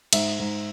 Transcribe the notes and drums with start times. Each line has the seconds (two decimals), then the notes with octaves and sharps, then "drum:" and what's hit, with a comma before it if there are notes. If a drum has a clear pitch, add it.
0.13 G#2 E5, drum: cymbal
0.39 G#2